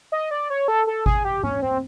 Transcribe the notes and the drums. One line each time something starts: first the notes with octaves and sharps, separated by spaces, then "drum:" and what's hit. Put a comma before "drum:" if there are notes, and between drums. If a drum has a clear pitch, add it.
D#5
D5
C#5
A4
A4
G#4, drum: kick G#1
G4
C#4, drum: tom
C4